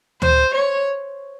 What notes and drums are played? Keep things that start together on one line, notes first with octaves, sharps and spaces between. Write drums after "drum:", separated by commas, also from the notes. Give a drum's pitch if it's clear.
C5, drum: tom D2
C#5